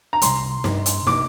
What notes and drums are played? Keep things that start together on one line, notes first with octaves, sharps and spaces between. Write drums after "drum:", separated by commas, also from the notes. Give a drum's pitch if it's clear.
A#5
C3 G3 D4 C6, drum: hi-hat
G2 G3 D4, drum: snare
drum: hi-hat
C3 A#3 D4 D6, drum: snare